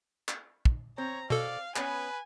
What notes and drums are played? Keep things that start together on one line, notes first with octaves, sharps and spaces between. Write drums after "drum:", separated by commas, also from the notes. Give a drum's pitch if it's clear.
drum: clap
drum: kick
C4 C#5 A#5
B2 A4 D5 F5
B3 C#4 B4 G#5, drum: clap